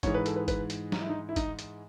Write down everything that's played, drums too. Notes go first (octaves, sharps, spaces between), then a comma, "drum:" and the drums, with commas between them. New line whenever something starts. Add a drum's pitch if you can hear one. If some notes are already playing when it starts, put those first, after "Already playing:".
G#2 E3 G#3 C#5, drum: kick, hi-hat
B4
A4, drum: hi-hat
B4
B4, drum: kick, hi-hat
drum: hi-hat
D#4, drum: snare
E4
D#4
E4
D#4, drum: kick, hi-hat
drum: hi-hat